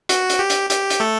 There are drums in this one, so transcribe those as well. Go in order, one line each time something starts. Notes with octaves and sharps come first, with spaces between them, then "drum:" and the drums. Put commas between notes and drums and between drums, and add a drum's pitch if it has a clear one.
F#4, drum: hi-hat
drum: hi-hat
G4
drum: hi-hat
G4, drum: hi-hat
drum: hi-hat
A3 A4